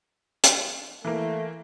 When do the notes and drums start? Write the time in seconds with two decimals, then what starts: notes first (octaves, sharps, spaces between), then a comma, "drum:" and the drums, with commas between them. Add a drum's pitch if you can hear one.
0.44 drum: hi-hat
1.05 E3 A3 A#3